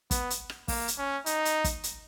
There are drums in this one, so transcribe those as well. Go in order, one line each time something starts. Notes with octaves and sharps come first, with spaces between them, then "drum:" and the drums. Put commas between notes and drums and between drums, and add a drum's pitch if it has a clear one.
B3, drum: kick, hi-hat
drum: hi-hat
drum: rim click
A#3, drum: kick, open hi-hat
drum: hi-hat
C#4
D#4, drum: hi-hat
drum: hi-hat
drum: kick, hi-hat
drum: hi-hat